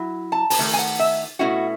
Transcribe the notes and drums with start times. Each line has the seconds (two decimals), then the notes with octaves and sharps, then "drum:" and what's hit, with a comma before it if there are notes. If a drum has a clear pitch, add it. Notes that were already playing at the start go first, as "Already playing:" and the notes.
Already playing: F#3 E4
0.32 A5
0.50 A5, drum: open hi-hat
0.59 D#3 A3
0.73 G#5
0.79 F#5
0.99 E5
1.39 B2 A3 C#4 E4 F#4